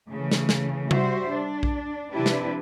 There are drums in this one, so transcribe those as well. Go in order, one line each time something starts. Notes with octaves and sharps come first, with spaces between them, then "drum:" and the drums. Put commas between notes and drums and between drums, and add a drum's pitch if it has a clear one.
C#3 E3 A3
drum: snare
drum: snare
G3 F#4 C5 E5, drum: tom C3
D4
drum: kick A#1
C3 F3 D4 E4 G4 B4
drum: snare